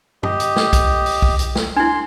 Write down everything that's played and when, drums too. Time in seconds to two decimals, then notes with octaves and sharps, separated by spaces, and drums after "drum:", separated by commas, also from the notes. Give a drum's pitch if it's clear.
0.23 G4 D#5, drum: tom F#2
0.40 drum: hi-hat
0.56 drum: snare
0.73 drum: kick B1, hi-hat
1.06 drum: open hi-hat
1.22 drum: kick B1
1.39 drum: hi-hat
1.55 drum: snare
1.76 D4 E4 C6